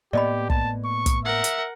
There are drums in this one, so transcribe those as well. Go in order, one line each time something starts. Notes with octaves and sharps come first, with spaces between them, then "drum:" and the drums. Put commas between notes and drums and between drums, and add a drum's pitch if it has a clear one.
A2 A#3 B3 G4 D5 D#5 B5
A5, drum: kick
C#6
drum: kick, hi-hat
A#4 E5 F#5
drum: hi-hat